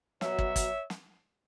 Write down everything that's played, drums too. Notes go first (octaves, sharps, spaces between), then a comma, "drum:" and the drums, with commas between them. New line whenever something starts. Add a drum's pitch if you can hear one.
B2 F#3 C#5 E5, drum: snare
drum: kick
drum: kick, hi-hat
drum: snare